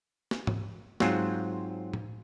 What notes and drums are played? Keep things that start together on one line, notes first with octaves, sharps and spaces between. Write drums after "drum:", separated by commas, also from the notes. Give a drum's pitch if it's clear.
drum: snare
drum: tom G#2
G#2 F#3 C4 F4, drum: snare
drum: tom A2